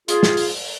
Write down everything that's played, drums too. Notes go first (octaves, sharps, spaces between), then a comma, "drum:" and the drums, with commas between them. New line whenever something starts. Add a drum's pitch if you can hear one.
F4 G#4, drum: hi-hat
drum: snare
drum: open hi-hat